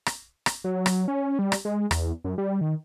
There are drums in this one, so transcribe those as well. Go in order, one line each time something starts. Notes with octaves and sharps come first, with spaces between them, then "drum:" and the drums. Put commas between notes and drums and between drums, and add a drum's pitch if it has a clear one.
drum: rim click
drum: rim click
F#3
drum: rim click
C#4
G3
drum: rim click
G#3
E2, drum: rim click
F#2
G3
D#3